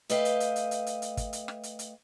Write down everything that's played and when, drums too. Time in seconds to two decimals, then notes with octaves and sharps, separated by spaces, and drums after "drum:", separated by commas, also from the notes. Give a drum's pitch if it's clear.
0.10 A3 B4 D#5 F5 G5, drum: hi-hat
0.25 drum: hi-hat
0.40 drum: hi-hat
0.56 drum: hi-hat
0.71 drum: hi-hat
0.86 drum: hi-hat
1.02 drum: hi-hat
1.17 drum: kick, hi-hat
1.33 drum: hi-hat
1.48 drum: rim click
1.63 drum: hi-hat
1.79 drum: hi-hat